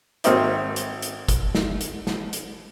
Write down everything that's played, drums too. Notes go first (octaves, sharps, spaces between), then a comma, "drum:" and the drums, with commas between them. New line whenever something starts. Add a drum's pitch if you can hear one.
G#1 A#3 C4 D#4 E5, drum: hi-hat
drum: hi-hat
drum: hi-hat
drum: kick, hi-hat
drum: snare
drum: hi-hat
drum: snare
drum: hi-hat